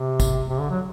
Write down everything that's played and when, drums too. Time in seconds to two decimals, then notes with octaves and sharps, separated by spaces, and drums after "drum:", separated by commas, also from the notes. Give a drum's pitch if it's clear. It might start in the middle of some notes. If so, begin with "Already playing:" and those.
Already playing: C3
0.20 drum: kick, tambourine
0.50 C3
0.60 D3
0.70 F#3